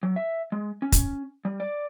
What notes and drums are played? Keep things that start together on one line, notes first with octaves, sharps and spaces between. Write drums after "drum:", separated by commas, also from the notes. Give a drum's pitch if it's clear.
F#3
E5
G#3
C#4
drum: kick, hi-hat
G3
D5